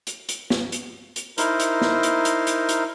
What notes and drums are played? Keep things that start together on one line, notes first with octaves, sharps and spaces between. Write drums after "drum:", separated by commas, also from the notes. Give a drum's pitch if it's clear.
drum: hi-hat
drum: hi-hat
drum: snare
drum: hi-hat
drum: hi-hat
D#4 E4 A#4 C5, drum: hi-hat
drum: hi-hat
drum: snare
drum: hi-hat
drum: hi-hat
drum: hi-hat
drum: hi-hat